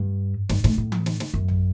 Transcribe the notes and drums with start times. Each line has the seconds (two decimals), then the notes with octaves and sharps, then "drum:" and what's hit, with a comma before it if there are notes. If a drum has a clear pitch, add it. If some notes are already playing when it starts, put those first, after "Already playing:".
Already playing: G2
0.49 G2, drum: snare
0.64 A2, drum: snare
0.78 A2
0.92 drum: tom E3
1.06 drum: snare
1.20 drum: snare
1.34 F#2
1.48 drum: tom A1